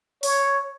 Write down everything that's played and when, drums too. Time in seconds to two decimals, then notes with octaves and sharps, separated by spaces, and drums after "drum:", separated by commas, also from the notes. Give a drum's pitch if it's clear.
0.23 C#5, drum: open hi-hat